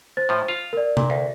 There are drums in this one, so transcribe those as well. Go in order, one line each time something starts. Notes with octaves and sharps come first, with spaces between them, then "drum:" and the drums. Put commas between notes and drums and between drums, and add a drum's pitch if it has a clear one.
C5 A6
A2 F3
F4 F7
A#4 D5
A#2, drum: tom C3
D2